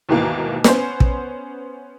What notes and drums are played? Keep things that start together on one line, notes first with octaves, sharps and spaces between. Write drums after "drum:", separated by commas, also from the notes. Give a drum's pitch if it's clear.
D#2 G#2 B2 D#3 E3 A#3
B3 C#4 C5, drum: snare
drum: kick